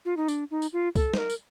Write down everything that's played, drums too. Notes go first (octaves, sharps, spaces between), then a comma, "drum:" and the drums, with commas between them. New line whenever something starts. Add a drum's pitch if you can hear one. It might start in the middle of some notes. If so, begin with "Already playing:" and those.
F4
D#4
D4, drum: tambourine
D#4
drum: tambourine
F4
A4, drum: kick C2, tambourine
C5, drum: snare
A#4
drum: tambourine